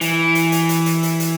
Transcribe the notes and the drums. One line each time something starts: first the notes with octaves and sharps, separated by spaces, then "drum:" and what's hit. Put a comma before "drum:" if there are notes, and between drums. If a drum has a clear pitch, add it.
E3, drum: hi-hat
drum: hi-hat
drum: hi-hat
drum: hi-hat
drum: hi-hat
drum: hi-hat
drum: hi-hat